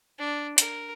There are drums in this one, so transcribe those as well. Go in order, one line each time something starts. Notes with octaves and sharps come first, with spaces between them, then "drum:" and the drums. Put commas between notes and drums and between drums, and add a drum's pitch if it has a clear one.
D4
A#4, drum: hi-hat